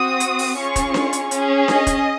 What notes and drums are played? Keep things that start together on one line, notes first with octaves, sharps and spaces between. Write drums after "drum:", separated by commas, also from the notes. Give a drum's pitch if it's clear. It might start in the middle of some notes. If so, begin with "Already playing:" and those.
Already playing: C4 F#4 D#6
drum: hi-hat
drum: open hi-hat
C#4 F4 G#4 C#6
drum: kick, hi-hat
drum: snare D4
drum: hi-hat
C#4 G#4, drum: hi-hat
D#5, drum: snare D4
drum: kick, hi-hat